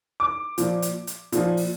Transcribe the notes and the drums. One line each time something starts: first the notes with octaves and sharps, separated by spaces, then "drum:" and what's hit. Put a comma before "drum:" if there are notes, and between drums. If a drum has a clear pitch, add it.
D6
A#2 F3, drum: hi-hat
drum: hi-hat
drum: hi-hat
A#2 F3, drum: hi-hat
drum: open hi-hat